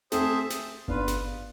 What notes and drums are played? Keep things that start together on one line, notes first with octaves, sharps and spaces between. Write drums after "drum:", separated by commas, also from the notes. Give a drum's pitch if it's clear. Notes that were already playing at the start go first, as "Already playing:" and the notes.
A3 C4 G#4 C5 E5 A5, drum: snare
drum: snare
B3 D4 F4 B4 F5, drum: kick G1
drum: snare